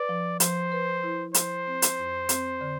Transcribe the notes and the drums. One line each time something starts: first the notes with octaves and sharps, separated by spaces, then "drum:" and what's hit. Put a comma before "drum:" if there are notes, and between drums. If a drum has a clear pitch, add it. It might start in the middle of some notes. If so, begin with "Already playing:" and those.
Already playing: B4 D5
F3
F3 C5, drum: hi-hat
B4
E4
F3 C5, drum: hi-hat
C4
drum: hi-hat
F2
C4, drum: hi-hat
D3